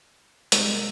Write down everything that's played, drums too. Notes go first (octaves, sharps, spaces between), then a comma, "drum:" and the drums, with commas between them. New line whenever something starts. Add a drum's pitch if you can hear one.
C3 D#3 G3 G#3 A#3 D#4, drum: hi-hat